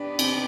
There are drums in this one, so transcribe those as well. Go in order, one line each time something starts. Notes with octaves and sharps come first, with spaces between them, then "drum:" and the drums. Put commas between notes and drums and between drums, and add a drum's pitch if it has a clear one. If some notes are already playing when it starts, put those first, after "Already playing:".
Already playing: B3 D4 D#4 G4 B4
C4, drum: cymbal